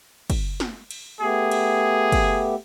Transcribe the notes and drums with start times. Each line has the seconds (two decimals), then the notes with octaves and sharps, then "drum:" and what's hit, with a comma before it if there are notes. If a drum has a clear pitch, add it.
0.30 drum: kick, cymbal
0.60 drum: snare
0.91 drum: cymbal
1.21 A3 B3 G4 G#4
1.51 drum: cymbal
2.12 drum: kick, cymbal